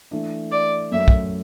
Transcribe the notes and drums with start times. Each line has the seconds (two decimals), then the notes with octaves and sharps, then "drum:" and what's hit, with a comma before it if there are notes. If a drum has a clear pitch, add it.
0.11 E3 A3 D4
0.52 D5
0.92 F#2 F#3 A3 E5
1.08 drum: kick